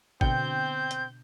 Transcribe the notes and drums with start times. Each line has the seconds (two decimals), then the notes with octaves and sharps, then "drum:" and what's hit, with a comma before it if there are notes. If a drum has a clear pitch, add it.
0.21 B2 D3 C4 G5 G6, drum: kick G#1
0.91 drum: hi-hat